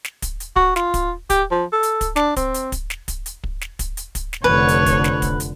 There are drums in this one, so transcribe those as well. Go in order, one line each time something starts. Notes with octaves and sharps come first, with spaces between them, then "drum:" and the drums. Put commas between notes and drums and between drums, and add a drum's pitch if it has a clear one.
drum: snare
drum: kick, hi-hat
drum: hi-hat
F#4, drum: kick
F4, drum: snare
drum: kick, hi-hat
G4, drum: kick, hi-hat
F3
A4
drum: hi-hat
drum: kick, hi-hat
D4, drum: snare
C4, drum: kick, hi-hat
drum: hi-hat
drum: kick, hi-hat
drum: snare
drum: kick, hi-hat
drum: hi-hat
drum: kick
drum: snare
drum: kick, hi-hat
drum: hi-hat
drum: kick, hi-hat
drum: snare
F1 D3 B4 C#5
drum: hi-hat
drum: kick, hi-hat
drum: snare
drum: kick, hi-hat
drum: hi-hat